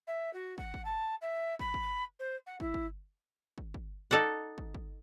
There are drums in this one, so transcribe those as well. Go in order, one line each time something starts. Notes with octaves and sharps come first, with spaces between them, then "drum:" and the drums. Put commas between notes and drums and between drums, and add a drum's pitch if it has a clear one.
E5
F#4
F#5, drum: kick
drum: kick
A5
E5
B5, drum: kick
drum: kick
C5
F#5
E4, drum: kick
drum: kick
drum: kick
drum: kick
D#4 A4 D5 F#5
drum: kick
drum: kick